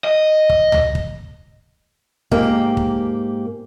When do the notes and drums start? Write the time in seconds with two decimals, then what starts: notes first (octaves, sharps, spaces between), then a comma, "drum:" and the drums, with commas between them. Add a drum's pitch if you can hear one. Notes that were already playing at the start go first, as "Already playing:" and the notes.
0.04 D#5
0.49 drum: kick
0.72 drum: tom C#2
0.95 drum: kick
2.31 G#2 A#3 G4, drum: kick
2.77 drum: kick